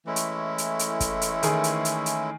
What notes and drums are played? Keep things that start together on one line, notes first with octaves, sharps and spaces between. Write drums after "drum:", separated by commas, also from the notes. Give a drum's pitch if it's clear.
E3 G#3 A3 C#4 E4
drum: hi-hat
drum: hi-hat
drum: hi-hat
drum: kick, hi-hat
drum: hi-hat
D#3 G#4, drum: hi-hat
drum: hi-hat
drum: hi-hat
drum: hi-hat